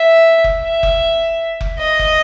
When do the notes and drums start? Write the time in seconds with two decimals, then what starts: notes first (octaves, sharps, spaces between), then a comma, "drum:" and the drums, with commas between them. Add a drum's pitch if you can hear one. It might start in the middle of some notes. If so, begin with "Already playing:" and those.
Already playing: E5
0.44 drum: kick F1
0.63 E5
0.83 drum: kick F1
1.61 drum: kick F1
1.79 D#5
1.99 drum: kick F1